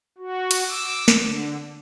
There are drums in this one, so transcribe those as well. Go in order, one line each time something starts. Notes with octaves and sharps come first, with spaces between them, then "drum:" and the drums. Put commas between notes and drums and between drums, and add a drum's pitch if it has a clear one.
F#4
drum: cymbal
D6 E6
drum: snare
D3